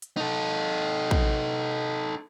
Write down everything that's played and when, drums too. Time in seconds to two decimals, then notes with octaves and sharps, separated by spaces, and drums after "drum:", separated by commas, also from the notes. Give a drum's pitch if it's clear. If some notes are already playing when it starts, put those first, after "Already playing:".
0.02 drum: hi-hat
0.17 D#4 A4
1.11 drum: kick